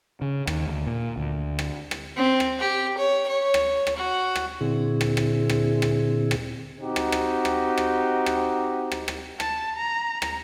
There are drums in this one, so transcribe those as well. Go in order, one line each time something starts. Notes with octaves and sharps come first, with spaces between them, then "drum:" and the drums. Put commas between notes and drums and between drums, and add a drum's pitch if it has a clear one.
C#3
D#2, drum: rim click
D2
A#2
D2
drum: rim click
drum: rim click
C4
drum: rim click
G4
C#5
C#5
drum: rim click
drum: rim click
F#4
drum: rim click
A#2 D3 C4 E4 G#4
drum: rim click
drum: rim click
drum: rim click
drum: rim click
drum: rim click
C4 D#4 F#4 G4
drum: rim click
drum: rim click
drum: rim click
drum: rim click
drum: rim click
drum: rim click
drum: rim click
A5, drum: rim click
A#5
drum: rim click